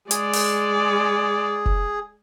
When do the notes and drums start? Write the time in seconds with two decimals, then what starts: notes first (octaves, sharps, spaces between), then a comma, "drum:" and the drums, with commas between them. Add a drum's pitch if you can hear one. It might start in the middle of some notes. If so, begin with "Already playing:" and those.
0.11 G#3 G#4 D5, drum: hi-hat
0.33 drum: open hi-hat
1.66 drum: kick F1